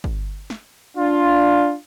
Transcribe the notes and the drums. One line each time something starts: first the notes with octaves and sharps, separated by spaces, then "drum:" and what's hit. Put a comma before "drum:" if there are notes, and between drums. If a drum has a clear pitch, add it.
drum: kick
drum: snare
D4 F4